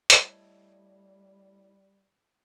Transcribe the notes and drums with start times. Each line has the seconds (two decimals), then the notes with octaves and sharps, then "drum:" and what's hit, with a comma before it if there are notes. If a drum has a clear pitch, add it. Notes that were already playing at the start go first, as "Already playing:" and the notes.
0.10 A2 G3 E4 D#5, drum: hi-hat